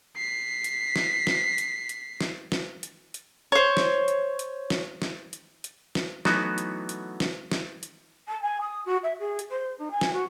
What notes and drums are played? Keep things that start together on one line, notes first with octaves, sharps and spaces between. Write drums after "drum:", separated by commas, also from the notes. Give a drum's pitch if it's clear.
B6 C7
drum: hi-hat
drum: snare
drum: snare
drum: hi-hat
drum: hi-hat
drum: snare
drum: snare
drum: hi-hat
drum: hi-hat
C5 C#5
drum: snare
drum: hi-hat
drum: hi-hat
drum: snare
drum: snare
drum: hi-hat
drum: hi-hat
drum: snare
E3 F#3 A3 B3 D#4 F#4, drum: snare
drum: hi-hat
drum: hi-hat
drum: snare
drum: snare
drum: hi-hat
A5
G#5
D#6
F#4
E5
G#4
drum: hi-hat
C5
D#4
G#5
drum: snare
F#4